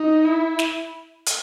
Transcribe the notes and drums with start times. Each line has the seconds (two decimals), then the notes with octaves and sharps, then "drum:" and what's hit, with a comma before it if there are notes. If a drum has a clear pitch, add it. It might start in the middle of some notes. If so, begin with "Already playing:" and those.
Already playing: D#4
0.25 E4
0.59 drum: snare
1.26 drum: hi-hat